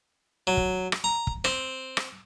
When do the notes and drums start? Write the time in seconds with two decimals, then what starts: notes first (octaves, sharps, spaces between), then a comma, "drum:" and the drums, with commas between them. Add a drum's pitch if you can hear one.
0.47 F#3
0.57 drum: kick
0.92 drum: rim click
1.04 A#5
1.27 drum: kick
1.44 C4, drum: rim click
1.97 drum: rim click